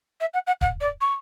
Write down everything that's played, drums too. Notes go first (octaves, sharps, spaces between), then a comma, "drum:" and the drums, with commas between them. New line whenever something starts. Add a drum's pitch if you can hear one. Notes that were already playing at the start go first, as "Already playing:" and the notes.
E5
F#5
F#5
F#5, drum: kick
D5
C#6